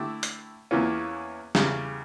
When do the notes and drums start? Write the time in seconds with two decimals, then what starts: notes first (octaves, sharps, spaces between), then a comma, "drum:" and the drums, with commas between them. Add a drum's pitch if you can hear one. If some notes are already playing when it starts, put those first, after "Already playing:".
Already playing: D3 A3 E4 G4
0.23 drum: hi-hat
0.71 E2 E3 A#3 C#4
1.55 E2 C#3 G3, drum: snare